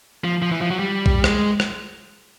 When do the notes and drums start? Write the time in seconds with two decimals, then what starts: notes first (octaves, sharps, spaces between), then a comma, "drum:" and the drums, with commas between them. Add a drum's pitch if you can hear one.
0.24 F3
0.42 F3
0.51 E3
0.61 F3
0.70 F#3
0.79 G3
1.06 drum: kick B1
1.24 G#3, drum: rim click
1.60 drum: rim click